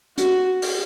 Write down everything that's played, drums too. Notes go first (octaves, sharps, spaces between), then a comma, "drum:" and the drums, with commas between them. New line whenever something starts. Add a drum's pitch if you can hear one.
F#4, drum: hi-hat
drum: open hi-hat